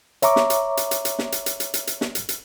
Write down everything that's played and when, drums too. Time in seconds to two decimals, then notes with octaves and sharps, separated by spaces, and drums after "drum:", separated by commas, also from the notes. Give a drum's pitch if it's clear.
0.22 C#5 E5 A#5 C#6 D6, drum: hi-hat
0.36 drum: snare
0.50 drum: hi-hat
0.77 drum: hi-hat
0.91 drum: hi-hat
1.05 drum: hi-hat
1.19 drum: snare
1.32 drum: hi-hat
1.46 drum: hi-hat
1.60 drum: hi-hat
1.74 drum: hi-hat
1.87 drum: hi-hat
2.01 drum: snare
2.15 drum: hi-hat
2.29 drum: hi-hat